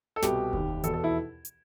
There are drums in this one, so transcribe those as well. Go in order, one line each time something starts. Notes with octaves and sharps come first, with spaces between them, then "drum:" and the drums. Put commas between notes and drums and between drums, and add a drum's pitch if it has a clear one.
A4
C2 B2 G4, drum: snare
D#2 D#3, drum: kick F1
E2 B2 A4, drum: hi-hat
A4
E4
drum: hi-hat